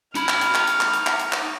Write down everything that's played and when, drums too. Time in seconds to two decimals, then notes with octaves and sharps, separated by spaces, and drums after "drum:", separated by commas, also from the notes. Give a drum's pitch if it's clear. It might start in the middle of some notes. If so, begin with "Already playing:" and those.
0.15 D#4 B5 F6, drum: hi-hat
0.28 drum: clap
0.41 drum: hi-hat
0.54 drum: clap
0.67 drum: hi-hat
0.80 drum: clap
0.93 drum: hi-hat
1.06 drum: clap
1.19 drum: hi-hat
1.33 drum: clap